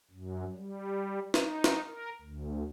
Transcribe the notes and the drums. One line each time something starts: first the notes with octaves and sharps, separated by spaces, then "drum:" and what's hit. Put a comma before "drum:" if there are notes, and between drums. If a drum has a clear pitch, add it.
F#2
G3
D#4, drum: snare
drum: snare
A#4
D2